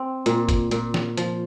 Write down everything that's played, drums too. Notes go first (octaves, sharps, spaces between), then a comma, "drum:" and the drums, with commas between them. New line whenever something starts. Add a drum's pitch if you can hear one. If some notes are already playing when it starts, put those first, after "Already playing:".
Already playing: C4
A#2, drum: hi-hat
drum: kick, hi-hat
A#2, drum: hi-hat
drum: snare
F3, drum: hi-hat